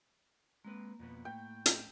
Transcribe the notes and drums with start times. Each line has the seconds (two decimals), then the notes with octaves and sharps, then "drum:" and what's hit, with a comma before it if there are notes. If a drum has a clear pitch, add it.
0.65 G#3 A#3 C4 B4
0.99 F2 B2 B3
1.25 A2 G5
1.66 drum: hi-hat